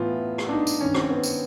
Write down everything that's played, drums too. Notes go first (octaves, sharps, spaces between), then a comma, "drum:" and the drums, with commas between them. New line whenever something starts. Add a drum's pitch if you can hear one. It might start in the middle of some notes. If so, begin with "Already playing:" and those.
Already playing: A2 E3 B3 F4
drum: rim click
D4
D#4
drum: tambourine
G2 D#3 C#4
C4, drum: rim click
B3
drum: tambourine